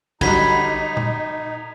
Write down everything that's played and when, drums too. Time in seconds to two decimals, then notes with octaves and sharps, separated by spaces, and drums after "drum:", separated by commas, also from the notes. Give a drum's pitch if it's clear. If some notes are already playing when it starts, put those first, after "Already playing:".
0.21 D3 F#3 G3 D#4 B5 G#6 B6, drum: kick, cymbal
0.97 drum: tom